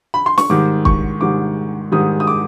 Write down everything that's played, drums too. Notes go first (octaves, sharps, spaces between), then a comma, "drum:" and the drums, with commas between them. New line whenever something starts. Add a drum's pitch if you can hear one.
B5
C6
C#6, drum: snare
G#2 D#3 G3 D6
C#6, drum: kick
G#2 D#3 G3 D6
G#2 D#3 G3 D#6
D#6
D6